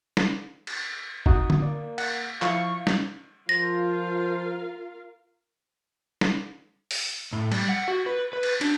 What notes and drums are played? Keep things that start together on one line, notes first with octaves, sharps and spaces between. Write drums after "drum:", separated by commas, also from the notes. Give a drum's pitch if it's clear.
drum: snare
drum: cymbal
D#4 F#4 D#6, drum: kick G1
drum: tom D3
A#3 D5
F#5, drum: cymbal
F3 E4 F5 C#6, drum: clap
drum: snare
F3 F4 A#4 C5 F5 A#6
drum: snare
drum: open hi-hat
A2
G3, drum: cymbal
F#5
F#4
B4
B4
drum: cymbal
D4, drum: cymbal